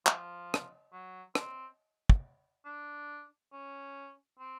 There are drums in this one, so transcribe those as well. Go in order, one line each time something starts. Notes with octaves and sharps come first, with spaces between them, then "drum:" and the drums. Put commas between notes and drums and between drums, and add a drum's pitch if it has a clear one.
F3, drum: clap
drum: rim click
F#3
C4, drum: rim click
drum: kick
D4
C#4
C4